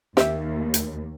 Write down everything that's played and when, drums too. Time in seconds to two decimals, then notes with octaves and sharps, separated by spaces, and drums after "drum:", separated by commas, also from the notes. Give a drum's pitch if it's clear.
0.17 D#2 G4 E5, drum: snare
0.74 drum: hi-hat